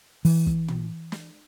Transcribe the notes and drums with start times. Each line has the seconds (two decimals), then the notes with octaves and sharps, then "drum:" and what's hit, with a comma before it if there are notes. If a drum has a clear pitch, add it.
0.25 E3, drum: open hi-hat
0.47 drum: kick
0.68 drum: tom
1.12 drum: snare